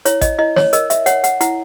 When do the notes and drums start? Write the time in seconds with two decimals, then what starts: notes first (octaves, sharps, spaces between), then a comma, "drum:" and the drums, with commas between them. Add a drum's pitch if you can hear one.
0.05 E4 C#5, drum: hi-hat
0.21 D#5, drum: kick A1, hi-hat
0.38 E4 D#5
0.56 C#5, drum: snare
0.73 A#4 D#5, drum: hi-hat
0.90 E5, drum: hi-hat
1.06 C#5 F#5, drum: hi-hat
1.24 F#5, drum: hi-hat
1.41 E4 F#5, drum: hi-hat